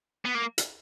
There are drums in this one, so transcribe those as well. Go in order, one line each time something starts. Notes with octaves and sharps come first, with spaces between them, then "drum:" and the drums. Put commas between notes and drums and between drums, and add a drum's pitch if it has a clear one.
B3
A#3
drum: hi-hat